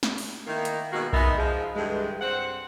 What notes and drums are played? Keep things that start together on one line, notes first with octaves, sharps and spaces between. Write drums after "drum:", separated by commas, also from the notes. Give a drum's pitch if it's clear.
drum: snare
drum: open hi-hat
D#3 A#3 E4
drum: hi-hat
B2 D#3 G#3 A#3 F#4
G#3 B3 D#4 A#4 D#5 E5, drum: kick B1
F3 G#3
G2 D3 E3 G#3
G2 C4 C5 F#5